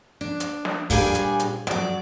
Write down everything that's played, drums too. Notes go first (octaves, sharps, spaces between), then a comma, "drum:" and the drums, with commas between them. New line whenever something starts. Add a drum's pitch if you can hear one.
D4
drum: hi-hat
drum: snare
A#2 G3 D4 G#4 G#5, drum: kick, open hi-hat
drum: hi-hat
drum: hi-hat
F#3 D5, drum: snare